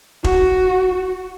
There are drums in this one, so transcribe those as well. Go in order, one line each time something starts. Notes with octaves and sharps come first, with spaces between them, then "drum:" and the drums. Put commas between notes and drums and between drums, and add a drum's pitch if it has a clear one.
F#4, drum: kick E1